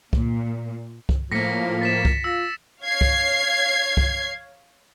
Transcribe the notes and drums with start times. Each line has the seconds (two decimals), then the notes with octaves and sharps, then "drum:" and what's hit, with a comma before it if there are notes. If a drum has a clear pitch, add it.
0.13 A#2, drum: kick C2
1.09 drum: kick C2
1.32 A2 F3 A#3 A#6 B6 C#7
1.81 A6 B6 E7
2.05 drum: kick C2
2.24 F4 E6 A#6
2.82 C#5 F5 G#6 C7
3.01 drum: kick C2
3.97 drum: kick C2